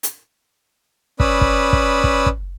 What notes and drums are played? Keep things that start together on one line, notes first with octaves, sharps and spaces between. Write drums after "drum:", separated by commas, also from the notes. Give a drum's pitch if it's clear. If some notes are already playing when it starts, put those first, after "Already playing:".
drum: hi-hat
C#4 B4 D5 B5 D#6 E6, drum: kick
drum: kick
drum: kick
drum: kick
drum: kick